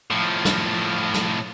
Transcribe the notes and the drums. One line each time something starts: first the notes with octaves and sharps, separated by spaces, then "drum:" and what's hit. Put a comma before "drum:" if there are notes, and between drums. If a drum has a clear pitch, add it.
A2 F3
drum: snare
drum: snare